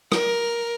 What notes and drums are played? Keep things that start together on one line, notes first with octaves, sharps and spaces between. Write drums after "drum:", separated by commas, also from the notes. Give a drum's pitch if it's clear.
A#4, drum: rim click